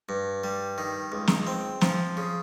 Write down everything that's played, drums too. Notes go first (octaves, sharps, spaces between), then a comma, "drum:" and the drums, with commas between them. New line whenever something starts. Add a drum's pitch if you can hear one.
G2
G3
D#3
C#2
drum: snare
C4
F3, drum: snare
C#3